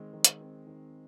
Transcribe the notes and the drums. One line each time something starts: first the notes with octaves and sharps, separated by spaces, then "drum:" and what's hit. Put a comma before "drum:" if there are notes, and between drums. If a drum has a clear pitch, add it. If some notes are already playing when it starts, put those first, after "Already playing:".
Already playing: D#3 G#3 C4
D#3
drum: hi-hat
C4
D#3